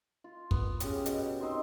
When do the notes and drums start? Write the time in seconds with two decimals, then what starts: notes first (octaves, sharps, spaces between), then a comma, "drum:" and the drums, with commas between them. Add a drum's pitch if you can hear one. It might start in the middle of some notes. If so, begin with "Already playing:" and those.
0.24 F4
0.51 B3, drum: kick
0.80 C#3 G4, drum: hi-hat
1.06 B2, drum: hi-hat
1.41 C4 D#4 C5